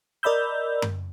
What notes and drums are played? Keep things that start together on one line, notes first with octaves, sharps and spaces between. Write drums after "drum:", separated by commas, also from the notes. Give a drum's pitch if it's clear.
A#4 D5 D#5 B5 E6 G6
drum: tom F#2